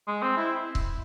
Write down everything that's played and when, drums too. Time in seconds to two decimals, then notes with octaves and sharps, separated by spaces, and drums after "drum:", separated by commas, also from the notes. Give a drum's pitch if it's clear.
0.07 G#3
0.22 C4
0.37 E4
0.75 drum: kick C#1